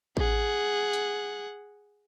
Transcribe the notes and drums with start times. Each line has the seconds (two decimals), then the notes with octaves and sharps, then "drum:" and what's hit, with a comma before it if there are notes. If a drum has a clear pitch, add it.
0.17 G#4 F#5, drum: kick A1
0.93 drum: hi-hat